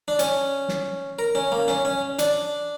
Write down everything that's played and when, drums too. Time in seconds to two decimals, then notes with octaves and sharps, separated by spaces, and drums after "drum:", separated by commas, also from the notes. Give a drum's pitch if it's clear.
0.08 D4
0.19 C#4, drum: hi-hat
0.69 drum: snare
1.19 A#4
1.35 C#4
1.52 A#3
1.68 C#4, drum: snare
1.85 C#4
2.19 D4, drum: hi-hat